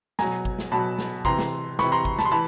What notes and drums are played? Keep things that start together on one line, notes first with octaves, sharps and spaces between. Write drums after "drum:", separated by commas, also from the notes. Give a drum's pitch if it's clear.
B2 F#3 G#5 A#5, drum: snare
drum: kick
drum: snare
B2 F#3 A5 B5
drum: snare
C3 E3 A#5 C6, drum: kick
drum: snare
C3 E3 B5 C#6, drum: snare
A#5 C6
drum: kick
A5 B5, drum: snare
C6
E3 A5 B5